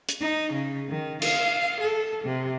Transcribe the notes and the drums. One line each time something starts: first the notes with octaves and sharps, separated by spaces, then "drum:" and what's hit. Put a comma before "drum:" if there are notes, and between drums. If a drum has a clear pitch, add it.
drum: hi-hat
D#4
C#3
D#3
F5, drum: cymbal
A4
C3